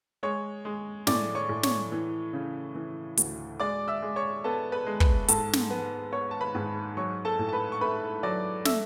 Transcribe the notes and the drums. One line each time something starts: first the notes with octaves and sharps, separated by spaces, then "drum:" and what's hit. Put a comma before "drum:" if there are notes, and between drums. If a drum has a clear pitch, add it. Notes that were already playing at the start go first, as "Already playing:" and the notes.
G#3 C#5 C#6
G#3
A2 D5 D6, drum: snare
C#5 C#6
A2
C#5 C#6, drum: snare
E3
C#3
E3
D2, drum: hi-hat
G#3 D5 D6
E5 E6
G#3
C#5 C#6
B3 A4 A5
B4 B5
G#3
B4 B5, drum: kick
G#2 A4 A5, drum: hi-hat
drum: snare
B3
B3 C#5 C#6
A5
B4 B5
G#2
F#3 C#5 C#6
A4 A5
A2
A5
B4 B5
C#6
A3 B4 B5
F#3 D5 D6
A3 E5 E6, drum: snare